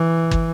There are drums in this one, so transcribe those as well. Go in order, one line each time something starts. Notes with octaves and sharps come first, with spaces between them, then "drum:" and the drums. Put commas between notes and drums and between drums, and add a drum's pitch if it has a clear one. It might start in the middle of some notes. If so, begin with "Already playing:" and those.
Already playing: E3
drum: kick